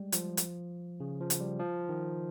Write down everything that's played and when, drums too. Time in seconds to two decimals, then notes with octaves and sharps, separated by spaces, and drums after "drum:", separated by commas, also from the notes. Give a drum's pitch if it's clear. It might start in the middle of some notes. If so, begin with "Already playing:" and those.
Already playing: G3 G#3
0.12 F3, drum: hi-hat
0.37 drum: hi-hat
1.00 C#3
1.21 F3
1.30 drum: hi-hat
1.40 G3
1.60 F3
1.89 D#3